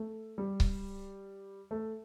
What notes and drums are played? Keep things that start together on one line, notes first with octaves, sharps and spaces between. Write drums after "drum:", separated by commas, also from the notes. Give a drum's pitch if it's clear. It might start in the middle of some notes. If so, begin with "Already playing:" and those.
Already playing: A3
G3
drum: kick C#1
A3